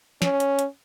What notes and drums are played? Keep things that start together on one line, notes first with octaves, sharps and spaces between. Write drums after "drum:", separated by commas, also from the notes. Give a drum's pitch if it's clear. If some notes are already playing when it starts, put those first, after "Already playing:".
C#4, drum: snare
drum: hi-hat
drum: hi-hat